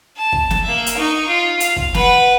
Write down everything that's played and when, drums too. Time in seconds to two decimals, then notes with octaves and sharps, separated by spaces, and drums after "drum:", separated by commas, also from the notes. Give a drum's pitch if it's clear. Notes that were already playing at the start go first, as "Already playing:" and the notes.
0.17 A5
0.32 drum: kick
0.50 drum: snare
0.64 A#3 E5
0.86 drum: hi-hat
0.97 D#4 C#6
1.28 F4
1.60 F5, drum: hi-hat
1.76 drum: kick
1.94 B4 F#5, drum: snare